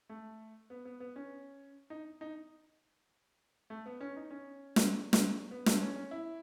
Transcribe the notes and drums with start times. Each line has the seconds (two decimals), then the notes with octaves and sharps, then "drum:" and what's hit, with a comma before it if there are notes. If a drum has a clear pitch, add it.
0.09 A3
0.70 B3
0.85 B3
1.00 B3
1.16 C#4
1.90 D#4
2.21 D#4
3.70 A3
3.86 B3
4.01 C#4
4.16 D#4
4.31 C#4
4.76 drum: snare
5.13 drum: snare
5.51 B3
5.66 A3, drum: snare
5.81 C#4
5.96 C#4
6.11 E4